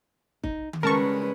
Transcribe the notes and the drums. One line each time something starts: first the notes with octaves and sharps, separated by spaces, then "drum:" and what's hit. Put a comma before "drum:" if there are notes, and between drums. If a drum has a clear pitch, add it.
D#4, drum: kick
drum: tom D#3
C#3 G3 G#3 C#4 A#4 B4 A5 C#6